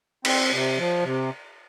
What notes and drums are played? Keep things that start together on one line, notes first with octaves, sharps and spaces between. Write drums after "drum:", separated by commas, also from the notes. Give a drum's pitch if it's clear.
C4, drum: cymbal
C3
F3
C3